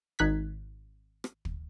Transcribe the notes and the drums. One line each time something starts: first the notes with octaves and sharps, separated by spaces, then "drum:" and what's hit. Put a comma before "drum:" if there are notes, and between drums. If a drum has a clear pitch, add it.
G#1 D#4 F#6 G#6 B6
drum: rim click
drum: kick